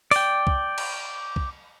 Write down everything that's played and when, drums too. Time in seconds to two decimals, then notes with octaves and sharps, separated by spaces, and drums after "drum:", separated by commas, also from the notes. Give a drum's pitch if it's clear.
0.11 D5 G5, drum: open hi-hat
0.47 drum: kick C2
0.78 drum: cymbal
1.36 drum: kick C2